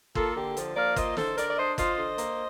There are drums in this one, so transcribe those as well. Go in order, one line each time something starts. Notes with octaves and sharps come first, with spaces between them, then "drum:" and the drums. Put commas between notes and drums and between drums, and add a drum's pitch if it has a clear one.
A#3 F4 A4, drum: kick
D3 G4
F3, drum: hi-hat
A#3 D5 F5
F4 C5 D#5, drum: kick, hi-hat
D3 A4 C5, drum: snare
D3 A#4 D5, drum: hi-hat
D5
D4 C5 D#5
F4 C5 D#5, drum: kick, hi-hat
D3
A#3, drum: hi-hat